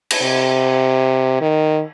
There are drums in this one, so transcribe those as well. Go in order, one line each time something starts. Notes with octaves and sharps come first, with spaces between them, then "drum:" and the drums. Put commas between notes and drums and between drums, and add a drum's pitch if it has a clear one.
drum: cymbal
C3
D#3